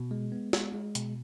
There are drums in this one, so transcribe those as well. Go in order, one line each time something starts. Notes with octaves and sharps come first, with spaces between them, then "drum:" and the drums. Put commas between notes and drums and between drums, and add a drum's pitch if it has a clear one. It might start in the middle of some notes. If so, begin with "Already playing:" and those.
Already playing: B2
G#3
B3
G#3, drum: snare
G#3
B2, drum: hi-hat